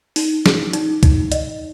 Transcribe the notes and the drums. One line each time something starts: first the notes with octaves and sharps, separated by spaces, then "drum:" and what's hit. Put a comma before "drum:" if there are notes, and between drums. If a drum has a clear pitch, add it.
D#4, drum: open hi-hat
G#4, drum: snare
D#4, drum: hi-hat
D#4, drum: kick C2, hi-hat
D#5, drum: hi-hat